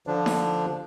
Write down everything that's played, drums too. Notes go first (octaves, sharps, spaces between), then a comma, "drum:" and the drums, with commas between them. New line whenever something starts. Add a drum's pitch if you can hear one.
D3 F3 D4
drum: snare D#4